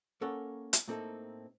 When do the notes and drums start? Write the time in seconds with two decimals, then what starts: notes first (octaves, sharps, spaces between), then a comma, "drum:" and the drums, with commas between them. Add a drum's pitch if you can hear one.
0.21 A#3 C#4 A4 A#4 C#5 F#5
0.73 drum: hi-hat
0.88 A2 A#3 C4 D#4 A4